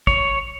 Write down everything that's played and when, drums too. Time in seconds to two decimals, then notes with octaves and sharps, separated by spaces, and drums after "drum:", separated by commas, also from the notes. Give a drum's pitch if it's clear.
0.07 C#5, drum: kick